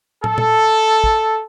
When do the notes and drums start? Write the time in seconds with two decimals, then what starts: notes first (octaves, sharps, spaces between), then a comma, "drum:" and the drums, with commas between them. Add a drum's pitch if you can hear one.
0.24 A4, drum: tom
0.38 drum: tom A#2
1.04 drum: kick